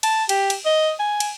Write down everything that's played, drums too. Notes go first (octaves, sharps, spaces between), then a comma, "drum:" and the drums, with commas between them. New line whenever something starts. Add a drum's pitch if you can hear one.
A5, drum: cymbal
G4, drum: cymbal
drum: cymbal
D#5
G#5
drum: cymbal